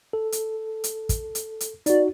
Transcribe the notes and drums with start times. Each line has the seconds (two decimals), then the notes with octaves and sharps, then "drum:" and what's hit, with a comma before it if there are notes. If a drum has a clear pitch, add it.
0.13 A4
0.32 drum: hi-hat
0.84 drum: hi-hat
1.09 drum: kick, hi-hat
1.35 drum: hi-hat
1.60 drum: hi-hat
1.86 D#4 F#4 D5, drum: hi-hat